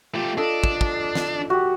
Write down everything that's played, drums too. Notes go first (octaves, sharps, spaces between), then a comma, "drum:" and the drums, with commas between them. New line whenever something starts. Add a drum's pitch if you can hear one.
A3 F4 G4
D4 A4 D#5
drum: kick
drum: kick
drum: snare
F#4 G4